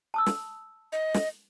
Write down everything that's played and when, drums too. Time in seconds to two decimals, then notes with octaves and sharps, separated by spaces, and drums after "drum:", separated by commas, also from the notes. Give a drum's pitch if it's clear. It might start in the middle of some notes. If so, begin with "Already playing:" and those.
0.14 A5 D#6 E6
0.26 drum: snare
0.92 D#5
1.14 drum: snare